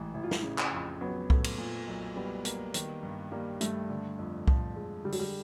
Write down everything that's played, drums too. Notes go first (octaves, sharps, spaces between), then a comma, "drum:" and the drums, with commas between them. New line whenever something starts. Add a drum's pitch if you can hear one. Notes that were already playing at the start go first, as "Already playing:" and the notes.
Already playing: A1 G#2 E3
A1 E4
F4
E4, drum: snare
C#3
drum: clap
F2
F#3 B3
A3, drum: kick C2
drum: cymbal
A#2
B1
G3 B3
A#3, drum: hi-hat
D#3, drum: hi-hat
G2
G3 A#3
G2 A3, drum: hi-hat
D3
F2
F3, drum: kick C2
G#3
D3 G3
F#3, drum: open hi-hat
G3